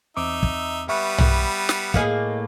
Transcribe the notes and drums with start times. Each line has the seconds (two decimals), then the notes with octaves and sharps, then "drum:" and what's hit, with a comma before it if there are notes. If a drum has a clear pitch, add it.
0.17 E2 C4 D#4 E5 D6
0.43 drum: kick
0.89 G3 B3 B4 E5 C#6
1.18 drum: tom
1.69 drum: snare
1.94 A2 A#3 G#4 D#5 F5, drum: kick